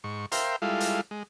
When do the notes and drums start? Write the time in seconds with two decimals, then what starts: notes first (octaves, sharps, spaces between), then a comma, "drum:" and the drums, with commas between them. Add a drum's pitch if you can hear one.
0.04 G#2 C#6
0.32 A#4 C5 E5 F5 G5 C6, drum: hi-hat
0.62 G3 G#3 E4 F4 A4 F5
0.80 drum: hi-hat
1.11 G#3